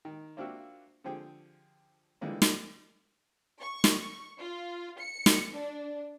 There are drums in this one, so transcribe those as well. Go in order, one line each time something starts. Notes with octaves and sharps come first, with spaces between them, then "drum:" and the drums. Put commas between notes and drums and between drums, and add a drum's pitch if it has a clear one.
D#3
A#3 C4 D4 F4 F#4 E5
D3 F3 C4 G4 G#4
D3 E3 F3 G3 G#3 A#3
drum: snare
C#6
drum: snare
F4
C#7
drum: snare
D4